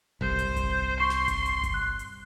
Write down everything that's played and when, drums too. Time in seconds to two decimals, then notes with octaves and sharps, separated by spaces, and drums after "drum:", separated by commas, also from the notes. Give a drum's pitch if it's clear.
0.21 C2 C5, drum: kick G1
0.39 drum: hi-hat
0.56 drum: kick G1, hi-hat
1.00 C6 C#6 C7
1.10 drum: snare
1.28 drum: kick G1, hi-hat
1.46 drum: hi-hat
1.64 drum: kick G1, hi-hat
1.74 F#6
1.99 drum: hi-hat